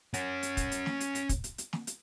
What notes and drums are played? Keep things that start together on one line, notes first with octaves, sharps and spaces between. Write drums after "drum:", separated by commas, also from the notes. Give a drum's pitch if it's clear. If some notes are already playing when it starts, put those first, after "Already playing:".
C#4 F#5, drum: hi-hat
drum: hi-hat
drum: kick, hi-hat
drum: hi-hat
drum: snare
drum: hi-hat
drum: hi-hat
drum: kick, hi-hat
drum: hi-hat
drum: hi-hat
drum: snare
drum: hi-hat